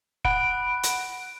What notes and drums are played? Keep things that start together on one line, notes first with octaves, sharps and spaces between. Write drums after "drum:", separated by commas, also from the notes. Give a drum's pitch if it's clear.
F#5 B5 F#6 D7, drum: kick F1
drum: hi-hat